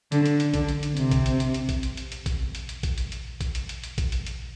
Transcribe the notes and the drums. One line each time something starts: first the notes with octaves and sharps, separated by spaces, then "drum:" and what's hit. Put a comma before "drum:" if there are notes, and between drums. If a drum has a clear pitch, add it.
D3, drum: hi-hat
drum: hi-hat
drum: hi-hat
D3, drum: kick A#1, hi-hat
drum: hi-hat
drum: hi-hat
C3, drum: hi-hat
drum: kick A#1, hi-hat
drum: hi-hat
drum: hi-hat
drum: hi-hat
drum: kick A#1, hi-hat
drum: hi-hat
drum: hi-hat
drum: hi-hat
drum: kick A#1, hi-hat
drum: hi-hat
drum: hi-hat
drum: kick A#1, hi-hat
drum: hi-hat
drum: hi-hat
drum: kick A#1, hi-hat
drum: hi-hat
drum: hi-hat
drum: hi-hat
drum: kick A#1, hi-hat
drum: hi-hat
drum: hi-hat